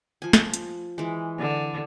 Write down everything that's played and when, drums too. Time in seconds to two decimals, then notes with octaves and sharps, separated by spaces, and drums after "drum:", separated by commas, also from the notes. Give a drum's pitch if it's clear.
0.22 F3 G#5
0.33 drum: snare
0.54 drum: hi-hat
0.98 E3 G#3
1.39 D3